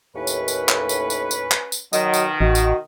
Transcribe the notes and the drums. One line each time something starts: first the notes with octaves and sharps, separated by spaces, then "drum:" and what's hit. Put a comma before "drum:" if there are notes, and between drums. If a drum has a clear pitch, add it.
D#2 A2 C#4 B4
drum: tambourine
drum: tambourine
drum: clap
drum: tambourine
drum: tambourine
drum: tambourine
drum: clap
drum: tambourine
B2 D#3 F#3 F#4 D#5, drum: tambourine
drum: tambourine
A1 F#4 D#5
drum: tambourine